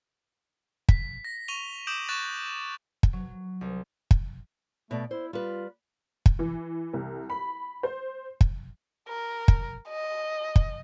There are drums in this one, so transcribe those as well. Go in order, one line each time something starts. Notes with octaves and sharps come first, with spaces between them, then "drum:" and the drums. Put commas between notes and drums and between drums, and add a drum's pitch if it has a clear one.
B6, drum: kick
A#6
C#6 D#7 F7 G7
D6 D#6 G6 D7 E7 F#7
C#6 F#6 A6 E7
drum: kick
F#3
C2
drum: kick
B2 A3 D5
E4 C5
G3 F4 B4
drum: kick
E3
C2
B5
C5
drum: kick
A#4
drum: kick
D#5
drum: kick